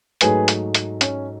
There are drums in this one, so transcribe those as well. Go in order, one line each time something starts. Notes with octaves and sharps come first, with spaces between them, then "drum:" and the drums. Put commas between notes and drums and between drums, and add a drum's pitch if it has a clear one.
G#2 F#3 A3 G#4 B4, drum: hi-hat
drum: hi-hat
drum: hi-hat
C#4, drum: hi-hat